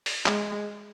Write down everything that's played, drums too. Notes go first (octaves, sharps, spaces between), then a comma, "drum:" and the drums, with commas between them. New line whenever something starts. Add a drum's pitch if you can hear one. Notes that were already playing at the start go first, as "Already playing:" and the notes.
drum: open hi-hat
G#3, drum: clap